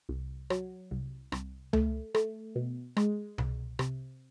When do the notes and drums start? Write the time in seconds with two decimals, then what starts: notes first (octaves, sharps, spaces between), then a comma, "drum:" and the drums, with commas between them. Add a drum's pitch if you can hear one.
0.09 C2
0.50 F#3, drum: rim click
0.91 C2
1.32 C2, drum: rim click
1.73 A3, drum: tom C#2
2.15 A3, drum: rim click
2.55 B2
2.97 G#3, drum: rim click
3.38 C2, drum: tom B2
3.79 C3, drum: rim click